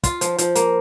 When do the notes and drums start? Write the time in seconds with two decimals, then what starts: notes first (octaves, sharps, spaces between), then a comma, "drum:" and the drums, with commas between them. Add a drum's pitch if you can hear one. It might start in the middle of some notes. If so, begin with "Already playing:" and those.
0.04 F4, drum: kick, hi-hat
0.21 F3, drum: hi-hat
0.38 F3, drum: hi-hat
0.55 A#3, drum: hi-hat